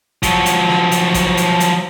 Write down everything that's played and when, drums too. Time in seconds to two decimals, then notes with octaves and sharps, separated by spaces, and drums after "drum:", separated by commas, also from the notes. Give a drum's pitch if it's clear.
0.23 F3 F#3, drum: kick A1, hi-hat
0.46 drum: hi-hat
0.69 drum: snare
0.91 drum: hi-hat
1.14 drum: kick A1, hi-hat
1.37 drum: hi-hat
1.60 drum: hi-hat